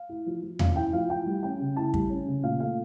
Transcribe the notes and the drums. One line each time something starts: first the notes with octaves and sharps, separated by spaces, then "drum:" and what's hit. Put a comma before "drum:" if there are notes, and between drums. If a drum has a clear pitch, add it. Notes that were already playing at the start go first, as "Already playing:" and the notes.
Already playing: F5
E4
F3
F3
C#4 F5, drum: tom E2
E4 G5
F3 F5
E4 G5
G3
C#4 G5
C#3
E4 A5
G3, drum: kick
C#4
C#3
A#2 F5
A3 F5